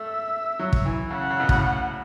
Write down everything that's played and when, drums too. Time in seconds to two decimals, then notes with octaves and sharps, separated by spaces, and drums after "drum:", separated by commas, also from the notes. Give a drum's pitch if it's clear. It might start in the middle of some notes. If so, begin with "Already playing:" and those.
Already playing: A3 E5
0.59 F#3
0.73 drum: kick
0.85 E3
1.11 C#3 F#5
1.30 C#3
1.40 B2
1.49 A2, drum: kick